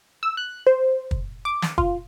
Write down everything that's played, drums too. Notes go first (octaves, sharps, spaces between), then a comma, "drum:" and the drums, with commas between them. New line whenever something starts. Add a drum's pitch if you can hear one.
E6
F#6
C5
drum: kick
D6
drum: snare
F4, drum: kick